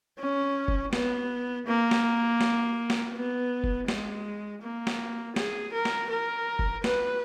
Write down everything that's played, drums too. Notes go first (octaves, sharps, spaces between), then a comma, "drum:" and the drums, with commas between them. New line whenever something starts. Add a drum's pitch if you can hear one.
C#4
drum: kick
B3, drum: snare
A#3
drum: snare
drum: snare
drum: snare
B3
drum: kick
G#3, drum: snare
A#3
drum: snare
G#4, drum: snare
A#4
drum: snare
A#4
drum: kick
B4, drum: snare